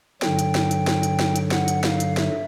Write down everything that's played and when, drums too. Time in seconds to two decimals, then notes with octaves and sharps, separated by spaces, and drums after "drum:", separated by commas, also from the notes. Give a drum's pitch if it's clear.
0.22 G2 D3 F#3 G5, drum: snare
0.39 drum: hi-hat
0.55 drum: snare
0.71 drum: hi-hat
0.87 drum: snare
1.03 drum: hi-hat
1.19 drum: snare
1.36 drum: hi-hat
1.51 F#5, drum: snare
1.68 drum: hi-hat
1.84 F5, drum: snare
2.00 drum: hi-hat
2.17 E5, drum: snare